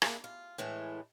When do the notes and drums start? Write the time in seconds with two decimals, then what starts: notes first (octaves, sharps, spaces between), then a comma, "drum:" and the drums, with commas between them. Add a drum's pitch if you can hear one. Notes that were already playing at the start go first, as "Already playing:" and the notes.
0.02 A#3 D4 E4 G#4, drum: rim click
0.24 F4
0.58 A2 E3 G#3 A3